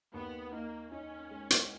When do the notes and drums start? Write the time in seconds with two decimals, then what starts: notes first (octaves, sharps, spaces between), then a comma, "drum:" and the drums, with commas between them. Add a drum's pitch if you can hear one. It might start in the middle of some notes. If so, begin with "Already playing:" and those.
0.13 D#2 B3
0.52 A#3 D#4
0.91 C#4 D#4
1.30 G#3
1.50 drum: hi-hat